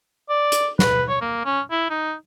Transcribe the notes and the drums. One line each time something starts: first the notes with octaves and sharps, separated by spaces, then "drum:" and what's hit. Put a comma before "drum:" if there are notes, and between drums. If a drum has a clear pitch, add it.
D5
drum: hi-hat
B4, drum: snare
C#5
A#3
C#4
E4
D#4